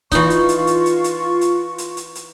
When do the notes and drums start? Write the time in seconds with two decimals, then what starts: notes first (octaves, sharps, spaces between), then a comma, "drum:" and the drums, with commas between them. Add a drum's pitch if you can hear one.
0.12 E3 D#4 F4 C#6, drum: kick C#1, hi-hat
0.30 drum: hi-hat
0.49 drum: hi-hat
0.67 drum: hi-hat
0.86 drum: hi-hat
1.04 drum: hi-hat
1.41 drum: hi-hat
1.78 drum: hi-hat
1.97 drum: hi-hat
2.15 drum: hi-hat